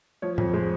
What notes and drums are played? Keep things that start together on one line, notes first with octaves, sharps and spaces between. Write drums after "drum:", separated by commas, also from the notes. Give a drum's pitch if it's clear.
F3 C#5
F2, drum: tom
G#3 C5